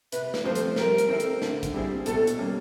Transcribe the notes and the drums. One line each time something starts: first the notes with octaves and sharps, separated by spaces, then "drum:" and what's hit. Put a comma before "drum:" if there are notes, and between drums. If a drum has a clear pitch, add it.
C3 B4, drum: hi-hat
drum: snare
F3 A3 C4 F4 C5
drum: hi-hat
G3 A#4, drum: snare
drum: hi-hat
C4 E4 A4
drum: hi-hat
D3, drum: snare
drum: kick, hi-hat
G3 C4 E4 G#4
B2 A4, drum: hi-hat
drum: hi-hat
G3 A#3 C#4